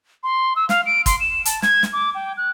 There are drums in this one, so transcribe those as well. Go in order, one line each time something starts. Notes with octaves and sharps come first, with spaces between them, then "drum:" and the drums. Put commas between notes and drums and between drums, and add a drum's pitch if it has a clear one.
C6
E6
F5, drum: snare
D7
C6, drum: kick, hi-hat
E7
A5, drum: hi-hat
G#6, drum: snare
drum: snare
D6
G5
F#6